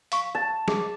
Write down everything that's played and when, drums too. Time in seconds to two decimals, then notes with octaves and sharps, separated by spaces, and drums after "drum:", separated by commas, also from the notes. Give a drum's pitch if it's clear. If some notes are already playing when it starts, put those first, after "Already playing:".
0.12 F5 C#6, drum: hi-hat
0.35 A5
0.68 G#4 D6, drum: snare